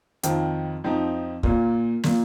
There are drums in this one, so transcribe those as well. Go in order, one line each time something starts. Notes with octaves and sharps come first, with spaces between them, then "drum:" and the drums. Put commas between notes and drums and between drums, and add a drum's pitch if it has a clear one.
F2 D#3 C4 F4, drum: hi-hat
F2 F3 C4 D#4
A#2 A#3 F4, drum: kick
A#2 A#3 F4, drum: snare